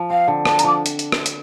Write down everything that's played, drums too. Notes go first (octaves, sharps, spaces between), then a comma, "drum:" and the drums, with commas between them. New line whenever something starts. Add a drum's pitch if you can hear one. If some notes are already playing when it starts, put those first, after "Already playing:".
Already playing: F3
C4 F5
D3
D4 A5, drum: rim click
A#5, drum: hi-hat
F3 D6
drum: hi-hat
drum: hi-hat
drum: rim click
drum: hi-hat